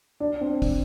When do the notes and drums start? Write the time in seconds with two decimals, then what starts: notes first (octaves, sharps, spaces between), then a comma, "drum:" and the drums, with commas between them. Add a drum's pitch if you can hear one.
0.20 D4
0.41 C4
0.62 drum: kick, open hi-hat